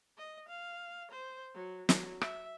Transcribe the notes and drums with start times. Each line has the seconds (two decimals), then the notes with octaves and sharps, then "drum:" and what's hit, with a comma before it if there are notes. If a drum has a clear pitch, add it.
0.18 D#5
0.48 F5
1.11 C5
1.54 F#3
1.89 F#3, drum: snare
2.21 E5, drum: rim click